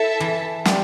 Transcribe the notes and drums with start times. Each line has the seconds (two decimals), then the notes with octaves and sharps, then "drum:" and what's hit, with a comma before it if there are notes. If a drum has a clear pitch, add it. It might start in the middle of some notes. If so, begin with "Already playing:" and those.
Already playing: E4 A4 E5 A5
0.20 E3
0.65 G3, drum: snare